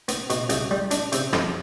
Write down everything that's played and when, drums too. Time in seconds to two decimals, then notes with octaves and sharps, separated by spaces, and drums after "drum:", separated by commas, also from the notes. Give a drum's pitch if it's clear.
0.08 B3, drum: hi-hat
0.30 B2, drum: hi-hat
0.49 C2, drum: hi-hat
0.71 G3
0.91 D4, drum: hi-hat
1.12 C3, drum: hi-hat
1.33 F2, drum: rim click